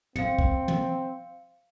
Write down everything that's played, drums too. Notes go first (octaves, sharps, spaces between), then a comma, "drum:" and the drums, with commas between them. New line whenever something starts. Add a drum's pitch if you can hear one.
C4 F5 C#7, drum: tom
drum: kick
drum: tom